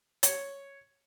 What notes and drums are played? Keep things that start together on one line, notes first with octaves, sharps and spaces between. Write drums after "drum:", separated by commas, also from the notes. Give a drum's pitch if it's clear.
C#5, drum: hi-hat